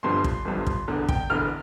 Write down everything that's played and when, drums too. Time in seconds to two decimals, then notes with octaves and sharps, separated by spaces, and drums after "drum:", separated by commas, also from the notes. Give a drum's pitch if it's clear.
0.03 G1 G2 F3 C6
0.24 drum: kick
0.45 G1 G2 F3
0.67 drum: kick
0.88 E1 E2 D3
1.09 G5, drum: kick
1.30 E1 E2 D3 F6